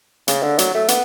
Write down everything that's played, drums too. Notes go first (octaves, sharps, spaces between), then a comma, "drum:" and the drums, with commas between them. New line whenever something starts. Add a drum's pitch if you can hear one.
C#3, drum: hi-hat
D3
F#3, drum: hi-hat
A3
B3, drum: hi-hat